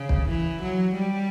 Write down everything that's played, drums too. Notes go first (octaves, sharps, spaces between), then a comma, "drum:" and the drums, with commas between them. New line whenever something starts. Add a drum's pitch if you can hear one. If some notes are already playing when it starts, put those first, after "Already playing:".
Already playing: C#3
drum: kick
E3
F#3
G3